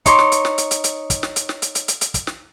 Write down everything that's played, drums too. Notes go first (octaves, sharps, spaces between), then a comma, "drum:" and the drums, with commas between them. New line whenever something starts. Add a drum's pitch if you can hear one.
D#4 C#5 C6 D6, drum: kick, hi-hat
drum: snare
drum: hi-hat
drum: snare
drum: hi-hat
drum: hi-hat
drum: hi-hat
drum: kick, hi-hat
drum: snare
drum: hi-hat
drum: snare
drum: hi-hat
drum: hi-hat
drum: hi-hat
drum: hi-hat
drum: kick, hi-hat
drum: snare